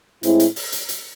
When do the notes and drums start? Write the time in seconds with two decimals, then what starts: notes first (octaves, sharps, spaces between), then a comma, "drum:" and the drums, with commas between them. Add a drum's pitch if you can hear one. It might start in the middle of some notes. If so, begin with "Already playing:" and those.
0.23 A2 G#3 C4 E4, drum: hi-hat
0.40 drum: hi-hat
0.56 drum: open hi-hat
0.72 drum: hi-hat
0.89 drum: hi-hat